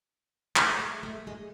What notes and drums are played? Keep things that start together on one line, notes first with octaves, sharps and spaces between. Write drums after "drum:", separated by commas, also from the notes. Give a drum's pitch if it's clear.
A3, drum: clap
A3
G#3
A3
G#3